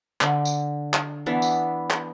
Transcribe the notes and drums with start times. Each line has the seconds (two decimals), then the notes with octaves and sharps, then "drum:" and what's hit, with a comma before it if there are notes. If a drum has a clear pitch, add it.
0.21 D3, drum: clap
0.45 drum: tambourine
0.94 drum: clap
1.26 E3 B3 D4
1.42 drum: tambourine
1.91 drum: clap